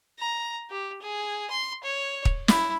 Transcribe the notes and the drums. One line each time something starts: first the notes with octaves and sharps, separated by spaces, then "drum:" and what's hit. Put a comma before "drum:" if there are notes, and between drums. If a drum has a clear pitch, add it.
A#5
G4
G#4
C6
C#5
drum: kick
E4, drum: snare